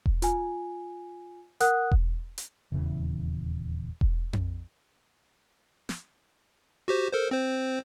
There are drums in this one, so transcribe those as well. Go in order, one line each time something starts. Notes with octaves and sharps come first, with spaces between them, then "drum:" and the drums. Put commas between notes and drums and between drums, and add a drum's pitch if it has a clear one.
drum: kick E1
F4 G#5, drum: hi-hat
A#4 F#5 D#6 F#6, drum: hi-hat
drum: kick E1
drum: hi-hat
D#1 E2 C#3 E3
drum: kick E1
drum: tom F2
drum: snare
F#4 G4 C5
A4 A#4 C5
C4 C5